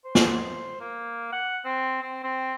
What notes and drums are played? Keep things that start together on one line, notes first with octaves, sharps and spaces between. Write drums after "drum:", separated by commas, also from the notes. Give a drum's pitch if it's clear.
C5
drum: snare
A#3
F#5
C4
C4
C4